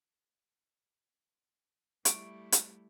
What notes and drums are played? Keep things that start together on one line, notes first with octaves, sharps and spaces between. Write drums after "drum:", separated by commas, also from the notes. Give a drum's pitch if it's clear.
G3 A3 E4 C#6 D7, drum: hi-hat
drum: hi-hat